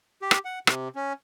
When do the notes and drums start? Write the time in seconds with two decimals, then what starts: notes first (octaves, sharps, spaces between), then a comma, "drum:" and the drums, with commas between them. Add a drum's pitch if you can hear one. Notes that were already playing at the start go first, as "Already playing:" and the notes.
0.22 G4
0.31 drum: rim click
0.45 F#5
0.67 C3, drum: rim click
0.96 C#4